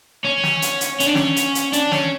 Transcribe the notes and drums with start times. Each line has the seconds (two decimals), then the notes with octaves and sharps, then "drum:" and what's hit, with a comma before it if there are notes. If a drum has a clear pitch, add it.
0.24 C#4
0.44 drum: snare
0.62 drum: hi-hat
0.81 drum: hi-hat
1.00 C#4, drum: hi-hat
1.06 D4
1.15 C#4, drum: snare
1.36 drum: hi-hat
1.55 drum: hi-hat
1.73 D4, drum: hi-hat
1.92 C#4, drum: snare